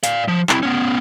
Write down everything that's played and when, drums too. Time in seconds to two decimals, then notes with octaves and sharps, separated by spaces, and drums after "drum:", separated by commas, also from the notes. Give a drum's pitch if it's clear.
0.04 D5 F5, drum: hi-hat
0.28 F3
0.49 C4 E4, drum: clap
0.63 B3 C#4